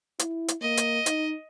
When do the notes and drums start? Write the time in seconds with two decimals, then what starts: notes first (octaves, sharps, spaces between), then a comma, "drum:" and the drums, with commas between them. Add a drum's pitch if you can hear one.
0.19 E4, drum: hi-hat
0.48 drum: hi-hat
0.62 A#3 D#5
0.77 drum: hi-hat
1.06 D#4, drum: hi-hat